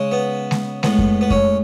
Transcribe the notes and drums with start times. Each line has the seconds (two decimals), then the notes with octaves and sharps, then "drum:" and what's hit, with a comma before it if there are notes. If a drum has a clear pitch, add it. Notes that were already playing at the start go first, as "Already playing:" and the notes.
Already playing: C#3 G#3
0.11 B3
0.51 drum: snare G#3
0.83 A2 G#3 B3, drum: snare G#3
0.99 drum: kick F2
1.21 B3
1.30 C#4, drum: kick F2